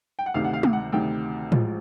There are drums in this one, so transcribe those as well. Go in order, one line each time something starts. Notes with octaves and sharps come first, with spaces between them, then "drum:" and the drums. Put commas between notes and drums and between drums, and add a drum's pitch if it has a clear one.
G5
F#5
D2 C3 D#3 F5
F#5
F5
drum: tom G#3
F#5
D2 C3 D#3 G5
A1 G#2 F3, drum: tom A2